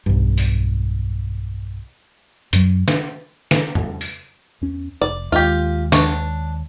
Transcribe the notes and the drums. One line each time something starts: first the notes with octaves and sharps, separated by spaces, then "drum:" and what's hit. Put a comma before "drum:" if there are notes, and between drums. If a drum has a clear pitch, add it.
B1 E2 G2
drum: open hi-hat
F#2 F#3, drum: hi-hat
drum: snare
drum: snare
drum: tom
drum: open hi-hat
E2 C#4
F1 D5
D#2 G#3 F4 G4
D4 C#5, drum: snare